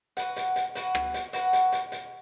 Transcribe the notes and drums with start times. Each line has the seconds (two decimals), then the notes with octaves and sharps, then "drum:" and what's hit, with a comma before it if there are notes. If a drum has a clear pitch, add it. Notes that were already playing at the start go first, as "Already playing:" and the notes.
0.17 F#4 B4 F#5, drum: hi-hat
0.36 drum: hi-hat
0.56 drum: hi-hat
0.75 F#4 B4 F#5, drum: hi-hat
0.95 drum: rim click
1.14 drum: hi-hat
1.33 F#4 B4 F#5, drum: hi-hat
1.53 drum: hi-hat
1.72 drum: hi-hat
1.92 drum: hi-hat